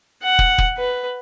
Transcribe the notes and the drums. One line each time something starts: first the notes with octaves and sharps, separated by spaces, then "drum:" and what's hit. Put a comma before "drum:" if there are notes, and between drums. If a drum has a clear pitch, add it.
F#5
drum: kick
drum: kick
B4